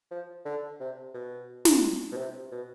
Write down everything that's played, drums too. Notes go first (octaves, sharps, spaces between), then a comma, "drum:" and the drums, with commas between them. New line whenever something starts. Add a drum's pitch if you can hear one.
F3
D3
C3
B2
drum: snare
B2
C3
B2